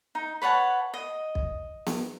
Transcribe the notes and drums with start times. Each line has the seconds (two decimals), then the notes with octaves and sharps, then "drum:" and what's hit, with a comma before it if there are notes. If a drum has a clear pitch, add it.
0.15 D#4
0.42 B4 C#5 F#5 A5
0.94 D#5
1.35 drum: kick
1.86 drum: snare B3